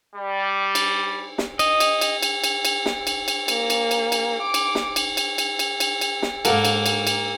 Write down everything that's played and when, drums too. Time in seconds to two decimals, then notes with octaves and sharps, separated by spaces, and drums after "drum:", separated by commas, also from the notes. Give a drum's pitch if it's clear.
0.16 G3
0.75 drum: cymbal
1.38 drum: snare
1.59 D#5, drum: cymbal
1.80 drum: cymbal
2.01 drum: cymbal
2.23 drum: cymbal
2.44 drum: cymbal
2.65 drum: cymbal
2.86 drum: snare
3.07 drum: cymbal
3.28 drum: cymbal
3.48 A#3, drum: cymbal
3.70 drum: cymbal
3.91 drum: cymbal
4.12 drum: cymbal
4.42 D6
4.54 drum: cymbal
4.75 drum: snare
4.96 drum: cymbal
5.17 drum: cymbal
5.38 drum: cymbal
5.59 drum: cymbal
5.80 drum: cymbal
6.01 drum: cymbal
6.22 drum: snare
6.45 G#2 A#3 A4 F#5 A#5, drum: cymbal
6.65 drum: cymbal
6.86 drum: cymbal
7.07 drum: cymbal